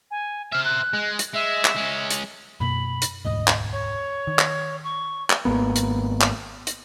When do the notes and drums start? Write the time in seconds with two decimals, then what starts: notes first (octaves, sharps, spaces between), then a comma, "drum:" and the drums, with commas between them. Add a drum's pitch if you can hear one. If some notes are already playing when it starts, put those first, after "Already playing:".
0.11 G#5
0.52 C5 E5 F6
0.65 F#6
0.93 G#3
1.19 drum: hi-hat
1.33 G#3 E5
1.65 drum: clap
1.76 G#3 C#4
2.10 drum: hi-hat
2.60 F#2 B2 A#3 B5
3.02 drum: hi-hat
3.25 E1 D2 G#2 D#5
3.47 drum: clap
3.73 C#5
4.27 D#3
4.39 drum: clap
4.84 C#6
5.30 drum: clap
5.45 G#1 A#3 B3
5.76 drum: hi-hat
6.21 drum: clap
6.67 drum: hi-hat